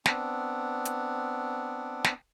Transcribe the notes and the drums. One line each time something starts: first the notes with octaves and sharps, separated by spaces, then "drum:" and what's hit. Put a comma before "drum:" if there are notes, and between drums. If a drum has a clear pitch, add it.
B3 C4 D4, drum: snare
drum: hi-hat
drum: snare